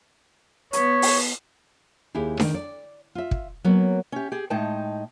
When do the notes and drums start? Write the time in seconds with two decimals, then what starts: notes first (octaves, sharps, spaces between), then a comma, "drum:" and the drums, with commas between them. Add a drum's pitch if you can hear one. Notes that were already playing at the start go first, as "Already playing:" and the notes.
0.73 B3 C#5, drum: hi-hat
1.02 drum: open hi-hat
2.14 D#2 E4 G4 G#4
2.40 D#3, drum: snare D4
2.54 D5
3.15 F4 E5
3.31 drum: kick
3.64 F#3 A#3 B3 C#4
4.12 C#4 G4
4.32 G4 G#4
4.50 A2 G#3 D#4 G5 A5